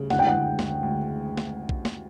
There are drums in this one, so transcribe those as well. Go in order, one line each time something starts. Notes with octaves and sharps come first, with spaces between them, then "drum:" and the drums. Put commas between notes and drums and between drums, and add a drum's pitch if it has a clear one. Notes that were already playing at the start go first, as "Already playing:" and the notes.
Already playing: D2 C#3 G3
D2 F#5, drum: snare
G5
F#5
D2
D2, drum: snare
D2
drum: snare
drum: kick A#1
drum: snare